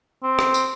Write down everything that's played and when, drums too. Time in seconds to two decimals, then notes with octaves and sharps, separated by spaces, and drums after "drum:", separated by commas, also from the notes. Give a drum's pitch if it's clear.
0.23 C4
0.39 drum: rim click
0.54 drum: tambourine